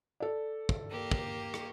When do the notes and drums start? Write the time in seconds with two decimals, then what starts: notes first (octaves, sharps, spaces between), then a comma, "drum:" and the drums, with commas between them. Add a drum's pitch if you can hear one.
0.20 A4 D5
0.69 drum: kick
0.90 A#3 G4
1.11 drum: kick
1.54 drum: rim click